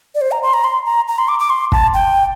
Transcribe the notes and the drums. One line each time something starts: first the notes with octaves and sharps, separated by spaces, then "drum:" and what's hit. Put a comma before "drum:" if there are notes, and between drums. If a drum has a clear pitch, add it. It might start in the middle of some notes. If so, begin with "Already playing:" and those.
D5
C5
A#5
C6
A#5
C6
A#5
A#5
C6
D6
D6
C6
A5, drum: kick
G5